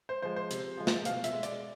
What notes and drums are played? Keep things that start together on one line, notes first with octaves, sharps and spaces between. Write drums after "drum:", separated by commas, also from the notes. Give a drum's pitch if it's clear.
C5
F3 G#3 C5
C5
C3, drum: hi-hat
F3 G#3
drum: snare
B2 F5, drum: hi-hat
E5, drum: hi-hat
G#3
D5, drum: hi-hat